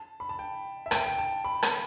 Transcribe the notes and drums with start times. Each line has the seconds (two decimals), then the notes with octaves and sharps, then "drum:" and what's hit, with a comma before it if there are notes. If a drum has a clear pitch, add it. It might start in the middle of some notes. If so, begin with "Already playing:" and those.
Already playing: A5
0.20 B5
0.29 A5
0.39 G5
0.86 E5
0.91 G5, drum: rim click
1.06 G5
1.18 A5
1.44 B5
1.63 drum: rim click